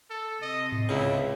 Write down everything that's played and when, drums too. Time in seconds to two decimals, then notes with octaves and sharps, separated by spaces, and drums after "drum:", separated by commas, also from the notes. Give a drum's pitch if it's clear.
0.10 A4
0.42 C3 D#5
0.72 drum: tom G#2
0.89 C#2 C#3 E4